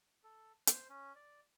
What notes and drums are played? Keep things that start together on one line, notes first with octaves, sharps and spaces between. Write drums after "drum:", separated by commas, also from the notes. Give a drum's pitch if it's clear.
A4
C5, drum: hi-hat
C#4
D5